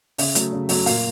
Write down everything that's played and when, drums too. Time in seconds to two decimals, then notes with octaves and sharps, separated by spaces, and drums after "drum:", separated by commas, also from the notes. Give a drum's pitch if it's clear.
0.18 C#3 E5, drum: open hi-hat
0.35 F#3 A3, drum: hi-hat
0.52 C#3
0.69 F#3 A3, drum: open hi-hat
0.86 A#2 F5, drum: open hi-hat